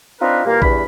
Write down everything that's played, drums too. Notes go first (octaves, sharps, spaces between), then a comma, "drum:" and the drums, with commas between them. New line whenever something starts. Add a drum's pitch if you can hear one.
C4 D4 D#4 F4 A#4 B4
A#2 E3 G3 A#3
E2 G2 B5, drum: kick A#1